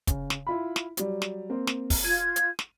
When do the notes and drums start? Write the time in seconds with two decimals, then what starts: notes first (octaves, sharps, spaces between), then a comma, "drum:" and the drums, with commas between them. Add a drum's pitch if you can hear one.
0.07 C#3, drum: kick, hi-hat
0.30 drum: snare
0.47 E4 F4 B5
0.76 drum: snare
0.97 F#3 G3, drum: hi-hat
1.22 drum: snare
1.50 A#3 C4
1.67 drum: snare
1.90 drum: kick, open hi-hat
2.05 F4 G#6 D#7
2.36 drum: hi-hat
2.59 drum: snare